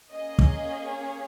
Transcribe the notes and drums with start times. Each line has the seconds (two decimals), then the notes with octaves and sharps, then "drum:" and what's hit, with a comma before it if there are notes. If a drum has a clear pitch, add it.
0.11 A#3 C#4 G#4 D#5
0.39 drum: kick
0.93 C#5